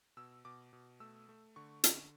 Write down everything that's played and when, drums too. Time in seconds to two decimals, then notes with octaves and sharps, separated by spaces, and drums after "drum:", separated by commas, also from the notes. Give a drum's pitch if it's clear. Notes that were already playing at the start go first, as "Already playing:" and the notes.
0.17 B2 E6
0.45 B2 D6
0.73 B2
1.00 A3 E6
1.29 A3
1.56 D3 C#6
1.84 D3, drum: hi-hat